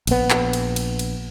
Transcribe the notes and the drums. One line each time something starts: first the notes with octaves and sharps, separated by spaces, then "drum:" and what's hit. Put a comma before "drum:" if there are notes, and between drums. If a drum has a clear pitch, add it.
A#1 B3, drum: cymbal
drum: clap
drum: cymbal
drum: cymbal
drum: cymbal